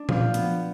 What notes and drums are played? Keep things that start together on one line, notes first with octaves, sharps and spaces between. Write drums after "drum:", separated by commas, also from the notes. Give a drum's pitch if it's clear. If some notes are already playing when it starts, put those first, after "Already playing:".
Already playing: D4
F3, drum: tom A#2
B3, drum: hi-hat